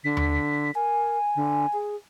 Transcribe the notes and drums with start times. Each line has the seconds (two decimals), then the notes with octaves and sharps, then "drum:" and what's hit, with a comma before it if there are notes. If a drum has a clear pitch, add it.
0.04 D3 B6
0.17 drum: tom D#2
0.75 A#4 G#5
1.36 D3
1.73 G#4